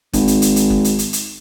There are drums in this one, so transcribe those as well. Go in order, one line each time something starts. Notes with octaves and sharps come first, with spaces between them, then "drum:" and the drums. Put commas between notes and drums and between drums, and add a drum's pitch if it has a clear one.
G#1, drum: kick F#1, hi-hat
drum: hi-hat
drum: hi-hat
drum: hi-hat
drum: kick F#1
drum: hi-hat
drum: hi-hat
drum: hi-hat